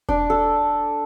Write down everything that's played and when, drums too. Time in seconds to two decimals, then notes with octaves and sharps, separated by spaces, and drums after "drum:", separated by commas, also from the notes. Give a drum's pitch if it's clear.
0.09 D4, drum: kick E1
0.30 A4